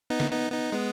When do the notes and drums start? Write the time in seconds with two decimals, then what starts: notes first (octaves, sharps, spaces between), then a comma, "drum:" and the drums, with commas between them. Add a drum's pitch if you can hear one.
0.10 B3 D#4
0.20 drum: snare
0.31 B3 D#4
0.51 B3 D#4
0.72 G#3 B3